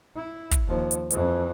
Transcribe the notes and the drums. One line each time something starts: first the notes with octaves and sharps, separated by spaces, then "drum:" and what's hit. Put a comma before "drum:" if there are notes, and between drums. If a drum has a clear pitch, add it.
E4
drum: kick, hi-hat
D#2 F3
drum: hi-hat
F2 E3, drum: hi-hat